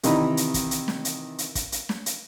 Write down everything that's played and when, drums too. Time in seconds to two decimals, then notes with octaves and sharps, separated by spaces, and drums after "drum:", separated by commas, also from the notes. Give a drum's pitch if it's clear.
0.03 C3 D#3 E3 D#5 A#5 B5, drum: hi-hat
0.37 drum: hi-hat
0.54 drum: kick, hi-hat
0.71 drum: hi-hat
0.88 drum: snare
1.05 drum: hi-hat
1.38 drum: hi-hat
1.55 drum: kick, hi-hat
1.72 drum: hi-hat
1.89 drum: snare
2.06 drum: hi-hat